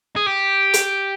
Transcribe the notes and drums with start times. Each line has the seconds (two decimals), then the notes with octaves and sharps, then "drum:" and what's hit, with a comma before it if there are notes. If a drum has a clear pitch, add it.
0.16 G#4
0.26 G4
0.74 drum: hi-hat